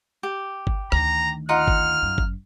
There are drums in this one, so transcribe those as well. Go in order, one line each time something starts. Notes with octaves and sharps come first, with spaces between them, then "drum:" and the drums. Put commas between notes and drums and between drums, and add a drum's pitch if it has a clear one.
G4
drum: kick G1
D2 D#3 A#5, drum: rim click
D#4 F4 F#5 F6
drum: kick G1
F#2
drum: kick G1